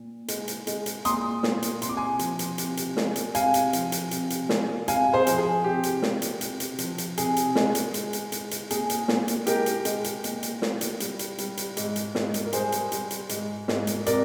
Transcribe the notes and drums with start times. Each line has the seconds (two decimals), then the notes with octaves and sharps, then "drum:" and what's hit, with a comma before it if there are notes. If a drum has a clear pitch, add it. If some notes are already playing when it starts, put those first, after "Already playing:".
Already playing: A#2
0.28 G#3, drum: hi-hat
0.48 drum: hi-hat
0.67 G#3, drum: hi-hat
0.86 drum: hi-hat
1.05 A#2 C6 D#6, drum: hi-hat
1.43 A#2, drum: snare
1.62 drum: hi-hat
1.82 C3 C6, drum: hi-hat
1.89 D6
1.97 G#5 C6
2.19 F3, drum: hi-hat
2.39 drum: hi-hat
2.58 C3, drum: hi-hat
2.77 drum: hi-hat
2.97 G#3, drum: snare
3.16 drum: hi-hat
3.35 C3 F5 G#5, drum: hi-hat
3.54 drum: hi-hat
3.73 F3, drum: hi-hat
3.92 drum: hi-hat
4.11 C3, drum: hi-hat
4.30 drum: hi-hat
4.49 G#3, drum: snare
4.88 C3 F5 G#5, drum: hi-hat
5.13 G#4 C5
5.27 F3, drum: hi-hat
5.38 G#4
5.64 C3 G4
5.83 drum: hi-hat
6.02 G#3, drum: snare
6.22 drum: hi-hat
6.41 C3, drum: hi-hat
6.60 drum: hi-hat
6.78 F3, drum: hi-hat
6.98 drum: hi-hat
7.18 C3 G#4, drum: hi-hat
7.36 drum: hi-hat
7.55 G#3, drum: snare
7.75 drum: hi-hat
7.94 G#3, drum: hi-hat
8.13 drum: hi-hat
8.32 G#3, drum: hi-hat
8.51 drum: hi-hat
8.70 A#2 G#4, drum: hi-hat
8.90 drum: hi-hat
9.08 A#2, drum: snare
9.28 drum: hi-hat
9.47 G#3 G4 A#4, drum: hi-hat
9.66 drum: hi-hat
9.85 G#3, drum: hi-hat
10.04 drum: hi-hat
10.24 A#2, drum: hi-hat
10.43 drum: hi-hat
10.62 A#2, drum: snare
10.81 drum: hi-hat
11.00 G3, drum: hi-hat
11.19 drum: hi-hat
11.38 G3, drum: hi-hat
11.57 drum: hi-hat
11.77 G#2, drum: hi-hat
11.96 drum: hi-hat
12.15 G#2, drum: snare
12.34 drum: hi-hat
12.45 A#4
12.53 G3 G#4 C5, drum: hi-hat
12.72 drum: hi-hat
12.92 G3, drum: hi-hat
13.11 drum: hi-hat
13.29 G#2, drum: hi-hat
13.68 G#2, drum: snare
13.87 drum: hi-hat
14.06 C3 A#4 D5, drum: hi-hat